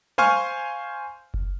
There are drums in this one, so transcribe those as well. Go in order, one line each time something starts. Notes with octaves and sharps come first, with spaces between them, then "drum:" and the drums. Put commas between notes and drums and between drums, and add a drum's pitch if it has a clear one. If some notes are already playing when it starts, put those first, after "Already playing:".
C5 F5 G#5 C6 C#6 F6, drum: tom
drum: kick F#1